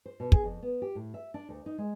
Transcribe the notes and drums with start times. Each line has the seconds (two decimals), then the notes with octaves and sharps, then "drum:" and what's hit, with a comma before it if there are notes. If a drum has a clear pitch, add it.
0.06 C5
0.20 B2
0.32 G#4, drum: kick
0.44 F2
0.63 B3
0.82 G4
0.95 A2
1.14 E5
1.34 D4
1.49 D2
1.66 D#4
1.78 G#3